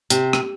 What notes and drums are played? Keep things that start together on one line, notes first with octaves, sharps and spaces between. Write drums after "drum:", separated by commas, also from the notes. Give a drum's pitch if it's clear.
C3, drum: hi-hat
drum: rim click